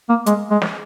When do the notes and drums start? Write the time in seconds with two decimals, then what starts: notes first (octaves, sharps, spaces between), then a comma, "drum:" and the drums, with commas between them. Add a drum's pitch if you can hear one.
0.09 A#3
0.26 G#3, drum: hi-hat
0.51 G#3
0.62 drum: snare